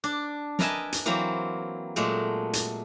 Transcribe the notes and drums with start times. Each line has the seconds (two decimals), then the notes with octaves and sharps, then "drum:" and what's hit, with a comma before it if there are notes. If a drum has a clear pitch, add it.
0.04 D4
0.59 A#4 B4 D#5 E5 G#5 A5, drum: snare
0.92 drum: hi-hat
1.06 E3 F#3 A#3 C4 A#5
1.96 A#2 F#3 G#3 A3
2.53 drum: hi-hat